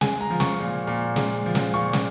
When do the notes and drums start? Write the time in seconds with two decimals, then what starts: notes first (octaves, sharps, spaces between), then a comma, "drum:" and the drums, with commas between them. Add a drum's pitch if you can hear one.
0.01 G#3 G#5, drum: snare
0.21 A#5
0.30 F3
0.40 C#6, drum: snare
0.60 A#2
0.87 A#2
1.16 G#3, drum: snare
1.46 F3
1.55 drum: snare
1.74 A#2 C#6
1.93 drum: snare